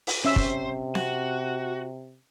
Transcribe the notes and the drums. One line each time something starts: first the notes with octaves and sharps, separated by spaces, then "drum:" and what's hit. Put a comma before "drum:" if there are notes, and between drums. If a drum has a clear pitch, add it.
drum: open hi-hat
C3 C#4 C5 E5 E6
drum: kick
F#4, drum: snare C4